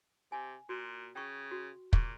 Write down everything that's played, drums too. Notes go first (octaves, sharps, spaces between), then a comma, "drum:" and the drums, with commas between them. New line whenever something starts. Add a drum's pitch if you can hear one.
C3 G#5
A#2 F#4
C#3 G5 C#6
F#4
A#2 G#4 C#6, drum: kick